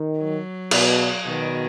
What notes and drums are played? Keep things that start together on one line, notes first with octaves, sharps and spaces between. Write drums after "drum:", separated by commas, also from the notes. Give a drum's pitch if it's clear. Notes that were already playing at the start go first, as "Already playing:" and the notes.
Already playing: D#3
F#3
B2, drum: cymbal
B2 D#3